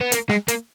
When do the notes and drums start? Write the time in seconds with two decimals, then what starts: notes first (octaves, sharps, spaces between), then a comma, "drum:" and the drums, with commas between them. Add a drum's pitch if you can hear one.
0.01 B3
0.12 A#3, drum: hi-hat
0.29 G#3, drum: rim click
0.48 A#3, drum: hi-hat